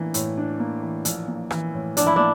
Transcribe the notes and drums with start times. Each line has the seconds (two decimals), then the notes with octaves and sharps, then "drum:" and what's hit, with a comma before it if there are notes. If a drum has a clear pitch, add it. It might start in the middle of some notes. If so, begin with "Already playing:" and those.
Already playing: A2 E3 A#3 D4
0.14 A2, drum: hi-hat
0.37 D4
0.59 A#3
0.82 E3
1.05 A#1, drum: hi-hat
1.27 A#3
1.51 E3, drum: rim click
1.73 A2
1.97 A#1 D4, drum: hi-hat
2.06 E4
2.16 A#3 D4